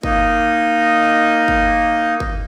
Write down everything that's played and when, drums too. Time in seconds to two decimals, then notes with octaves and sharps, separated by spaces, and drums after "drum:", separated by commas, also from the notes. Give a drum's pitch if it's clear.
0.03 A#3 D#4 D#5, drum: kick G1
1.48 drum: kick G1
2.20 drum: kick G1